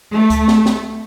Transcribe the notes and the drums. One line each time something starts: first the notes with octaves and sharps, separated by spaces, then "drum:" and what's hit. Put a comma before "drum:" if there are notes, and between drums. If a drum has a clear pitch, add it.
A3
drum: kick C#2, hi-hat
drum: snare
drum: snare